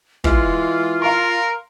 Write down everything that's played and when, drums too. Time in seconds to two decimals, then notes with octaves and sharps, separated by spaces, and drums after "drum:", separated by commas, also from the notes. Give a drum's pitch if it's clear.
0.24 E3 G#3 F4, drum: kick
1.02 A#4 F5 A#5 C6